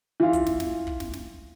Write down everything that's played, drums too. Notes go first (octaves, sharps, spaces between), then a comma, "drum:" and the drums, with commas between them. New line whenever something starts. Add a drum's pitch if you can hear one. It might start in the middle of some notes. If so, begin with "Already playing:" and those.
E3 F4
drum: kick, hi-hat
drum: snare
drum: snare
drum: kick
drum: snare
drum: snare